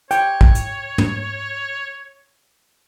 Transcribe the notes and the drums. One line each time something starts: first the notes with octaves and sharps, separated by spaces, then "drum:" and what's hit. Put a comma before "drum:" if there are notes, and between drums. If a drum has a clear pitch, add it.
C#5 G5, drum: hi-hat
drum: kick
drum: hi-hat
drum: tom